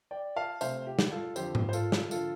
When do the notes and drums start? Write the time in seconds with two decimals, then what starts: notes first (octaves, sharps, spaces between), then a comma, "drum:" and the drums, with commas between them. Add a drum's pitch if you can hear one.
0.11 D5 G5
0.36 F5 A5
0.61 C3 A3 C5 F5, drum: tambourine
0.87 G4
0.99 drum: snare
1.11 F4 A4
1.36 F2 D3 F3 G4 C5, drum: tambourine
1.55 drum: tom G#2
1.69 C5
1.73 F4 A4, drum: tambourine
1.92 drum: snare
2.11 D3 F3 F4 A4, drum: tambourine